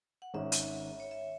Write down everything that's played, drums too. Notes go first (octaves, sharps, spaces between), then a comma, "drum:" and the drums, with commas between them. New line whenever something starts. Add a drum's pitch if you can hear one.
F#5
G#1 G#2 G#3 C#4 E5
drum: hi-hat
C#5
E5